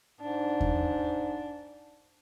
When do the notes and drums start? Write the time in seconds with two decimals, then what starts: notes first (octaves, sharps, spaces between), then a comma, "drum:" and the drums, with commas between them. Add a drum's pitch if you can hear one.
0.21 G#2 D4
0.61 drum: kick E2